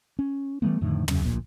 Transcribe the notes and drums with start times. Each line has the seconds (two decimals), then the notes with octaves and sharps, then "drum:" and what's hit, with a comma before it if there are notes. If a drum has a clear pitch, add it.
0.19 C#4
0.62 E3 G3 A3 B3
0.81 F2 A2 D3 D#3
1.08 F#2 C#3, drum: tom
1.22 D1 A#1 A#2